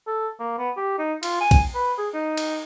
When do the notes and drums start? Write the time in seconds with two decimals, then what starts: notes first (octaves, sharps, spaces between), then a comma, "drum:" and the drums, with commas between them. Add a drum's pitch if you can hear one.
0.07 A4
0.40 A#3
0.58 B3
0.77 G4
0.98 D#4
1.23 F4, drum: cymbal
1.41 G#5
1.51 drum: kick B1, cymbal
1.75 B4
1.98 G#4
2.14 D#4
2.37 drum: cymbal